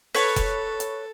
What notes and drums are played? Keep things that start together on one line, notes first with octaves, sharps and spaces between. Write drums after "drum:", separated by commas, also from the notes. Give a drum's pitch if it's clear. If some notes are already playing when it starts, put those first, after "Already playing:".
A4 B4 C#5, drum: open hi-hat
drum: kick F1, hi-hat
drum: hi-hat